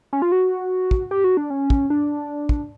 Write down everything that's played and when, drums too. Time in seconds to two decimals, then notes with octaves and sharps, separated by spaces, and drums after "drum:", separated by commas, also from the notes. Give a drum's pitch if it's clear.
0.13 C#4
0.22 F4
0.32 F#4
0.91 drum: kick
1.11 G4
1.24 F#4
1.37 D4
1.50 C#4
1.70 drum: kick
1.90 D4
2.49 drum: kick